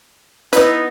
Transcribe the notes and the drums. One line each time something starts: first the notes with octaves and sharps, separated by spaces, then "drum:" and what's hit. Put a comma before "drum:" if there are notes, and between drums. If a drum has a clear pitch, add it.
B3 D#4 E4 B4, drum: hi-hat